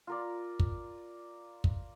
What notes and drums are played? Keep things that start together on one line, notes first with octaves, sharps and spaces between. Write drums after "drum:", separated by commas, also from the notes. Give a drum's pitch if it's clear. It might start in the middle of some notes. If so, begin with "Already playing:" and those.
F4 A#4 D5
drum: kick
drum: kick